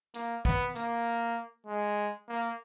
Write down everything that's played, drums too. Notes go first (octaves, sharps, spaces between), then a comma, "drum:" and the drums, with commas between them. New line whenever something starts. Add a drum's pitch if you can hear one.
A#3, drum: hi-hat
B3, drum: kick
A#3, drum: hi-hat
G#3
A#3